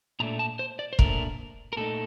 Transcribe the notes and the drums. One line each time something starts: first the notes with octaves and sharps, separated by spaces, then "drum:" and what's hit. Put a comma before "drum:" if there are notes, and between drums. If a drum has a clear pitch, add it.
A#2 A3 D4 A#5
A5
C5
D5
C5
A#2 A3 D4 A#4, drum: kick
A#4
A#2 A3 D#4 A4